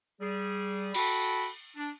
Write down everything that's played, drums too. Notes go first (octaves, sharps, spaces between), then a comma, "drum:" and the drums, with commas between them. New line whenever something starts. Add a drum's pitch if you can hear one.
G3 G#4
F#4 A4 G5 B5, drum: cymbal
D4